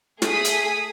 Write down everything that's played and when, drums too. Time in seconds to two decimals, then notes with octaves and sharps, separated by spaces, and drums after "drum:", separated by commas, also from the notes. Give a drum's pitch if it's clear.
0.22 A3 G#4 D#6 B6, drum: snare
0.45 drum: hi-hat